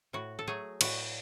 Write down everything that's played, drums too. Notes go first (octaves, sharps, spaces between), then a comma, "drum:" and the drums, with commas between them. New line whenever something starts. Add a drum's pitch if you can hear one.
A2 F#4
A4
F#3 A3 G#4
A2 F#4, drum: cymbal